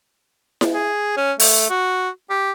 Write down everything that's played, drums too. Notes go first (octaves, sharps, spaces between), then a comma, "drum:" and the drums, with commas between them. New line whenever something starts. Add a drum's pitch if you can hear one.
drum: snare E4
G#4
C#4
A3, drum: open hi-hat
F#4
G4